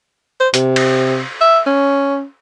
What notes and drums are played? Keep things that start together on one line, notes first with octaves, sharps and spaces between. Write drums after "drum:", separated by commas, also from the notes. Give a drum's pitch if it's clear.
C5
C3, drum: hi-hat
drum: cymbal
E5
C#4